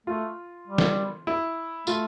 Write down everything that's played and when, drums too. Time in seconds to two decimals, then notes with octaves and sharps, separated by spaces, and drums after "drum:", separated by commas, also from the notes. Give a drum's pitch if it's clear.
0.07 A3 F4
0.67 G3
0.78 drum: snare
1.27 E4
1.87 A3 F4, drum: tambourine